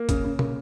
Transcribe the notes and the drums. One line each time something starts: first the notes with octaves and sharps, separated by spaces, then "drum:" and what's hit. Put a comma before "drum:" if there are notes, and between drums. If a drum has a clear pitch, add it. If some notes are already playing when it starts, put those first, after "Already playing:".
Already playing: A#3
C#3, drum: kick A1, hi-hat
C#3
A#3, drum: tom